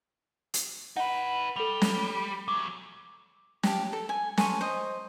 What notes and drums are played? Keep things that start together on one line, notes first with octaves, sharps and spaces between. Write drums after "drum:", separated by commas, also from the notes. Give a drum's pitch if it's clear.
drum: hi-hat
D#4 B4 F#5
G3 A4 F7
drum: snare
E2 F#3 D6
G4 A5, drum: snare
A4
G#5
A4 G#5 C6 C#6, drum: snare
C5 D#5